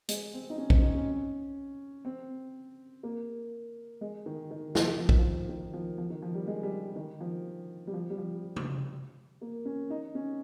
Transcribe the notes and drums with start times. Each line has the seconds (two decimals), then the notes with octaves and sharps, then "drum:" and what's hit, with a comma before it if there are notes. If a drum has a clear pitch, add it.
0.09 G#3, drum: hi-hat
0.34 C4
0.50 D#4
0.58 C#4
0.70 C4, drum: kick A#1
0.78 C#4
0.82 D#4
0.95 C#4
2.05 C4
3.03 A#3
4.01 G#3
4.26 D#3
4.51 D#3
4.75 F3, drum: snare
5.00 F3
5.09 D#3, drum: kick A#1
5.19 F3
5.49 D#3
5.73 F3
5.98 F3
6.10 D#3
6.22 F3
6.35 G3
6.47 G#3
6.63 G3
6.96 D#3
7.20 F3
7.87 G3
7.93 F3
8.10 G3
8.18 F3
8.56 drum: tom C3
9.41 A#3
9.65 C#4
9.90 D#4
10.15 C#4